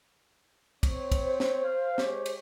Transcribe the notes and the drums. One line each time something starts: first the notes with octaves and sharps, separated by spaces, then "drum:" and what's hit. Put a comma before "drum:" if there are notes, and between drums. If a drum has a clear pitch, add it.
C4 C#5, drum: kick, cymbal
drum: kick, cymbal
C5
drum: snare
F5
G#3 G4 C#5, drum: snare
drum: cymbal